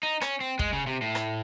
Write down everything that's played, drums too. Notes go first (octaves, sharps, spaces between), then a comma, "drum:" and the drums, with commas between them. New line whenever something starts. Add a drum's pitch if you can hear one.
D#4
C#4, drum: rim click
C4
G#3, drum: kick
C#3
C3
A2
drum: rim click